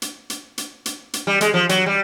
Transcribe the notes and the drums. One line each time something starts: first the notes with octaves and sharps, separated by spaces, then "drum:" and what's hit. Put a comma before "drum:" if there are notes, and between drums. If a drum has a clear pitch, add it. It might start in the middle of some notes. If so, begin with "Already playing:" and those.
drum: hi-hat
drum: hi-hat
drum: hi-hat
drum: hi-hat
drum: hi-hat
G3
G#3, drum: hi-hat
F3
F#3, drum: hi-hat
G3